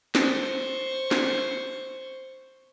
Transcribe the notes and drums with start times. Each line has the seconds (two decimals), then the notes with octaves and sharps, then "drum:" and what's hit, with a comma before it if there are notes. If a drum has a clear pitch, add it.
0.15 C5 C#6, drum: snare
1.11 drum: snare